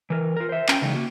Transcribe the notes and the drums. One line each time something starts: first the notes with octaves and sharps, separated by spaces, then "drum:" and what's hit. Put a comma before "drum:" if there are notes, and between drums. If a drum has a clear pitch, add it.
E3 A#4
F4 A#4
C5 E5
C#4 G5, drum: clap
C#3 E3 F#3 G#3 D#4
A#3 F#4